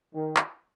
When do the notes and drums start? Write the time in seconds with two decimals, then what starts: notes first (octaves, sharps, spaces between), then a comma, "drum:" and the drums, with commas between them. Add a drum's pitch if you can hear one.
0.14 D#3
0.36 drum: clap